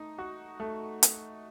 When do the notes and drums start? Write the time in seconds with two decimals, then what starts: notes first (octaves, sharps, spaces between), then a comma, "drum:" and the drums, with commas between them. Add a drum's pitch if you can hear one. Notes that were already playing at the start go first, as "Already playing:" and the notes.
Already playing: A3 D#4
0.18 F#4
0.60 A3
1.03 drum: hi-hat